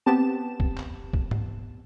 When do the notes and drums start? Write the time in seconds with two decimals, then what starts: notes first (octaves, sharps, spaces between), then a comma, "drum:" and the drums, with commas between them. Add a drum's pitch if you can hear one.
0.06 B3 C4 G4 A5 E7
0.60 drum: kick
0.78 drum: clap
1.13 drum: kick
1.31 drum: tom G#2